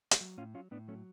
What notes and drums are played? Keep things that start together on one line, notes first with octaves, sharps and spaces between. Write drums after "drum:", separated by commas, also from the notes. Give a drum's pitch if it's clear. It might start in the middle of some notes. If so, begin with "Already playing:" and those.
drum: hi-hat
F#3
A2 C#4 F4
F#3 C#4 F4
A2 B3 D4
F#3 A3 C#4